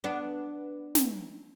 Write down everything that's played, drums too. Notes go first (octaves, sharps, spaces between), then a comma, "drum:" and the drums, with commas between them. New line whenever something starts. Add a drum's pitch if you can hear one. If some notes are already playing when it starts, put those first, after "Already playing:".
B3 D4
drum: snare